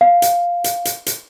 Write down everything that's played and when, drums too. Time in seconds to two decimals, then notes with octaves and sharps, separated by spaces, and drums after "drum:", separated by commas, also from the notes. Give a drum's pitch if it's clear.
0.01 F5
0.22 drum: hi-hat
0.64 drum: hi-hat
0.85 drum: hi-hat
1.06 drum: hi-hat